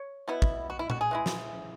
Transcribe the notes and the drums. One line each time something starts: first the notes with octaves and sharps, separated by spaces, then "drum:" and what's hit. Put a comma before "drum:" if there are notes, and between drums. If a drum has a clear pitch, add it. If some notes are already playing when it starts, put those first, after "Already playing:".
Already playing: C#5
B2 B3 E4
drum: kick
F#4
E4
F#4, drum: tom A#2
G#4
E3 G#3 E4
drum: snare